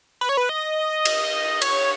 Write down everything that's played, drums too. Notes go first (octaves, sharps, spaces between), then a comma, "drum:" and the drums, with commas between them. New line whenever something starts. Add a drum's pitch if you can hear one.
B4
C#5
B4
D#5
drum: cymbal
C#5, drum: cymbal